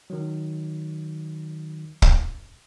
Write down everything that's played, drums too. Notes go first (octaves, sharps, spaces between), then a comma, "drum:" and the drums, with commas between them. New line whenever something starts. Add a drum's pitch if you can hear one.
D#3 F#3
drum: kick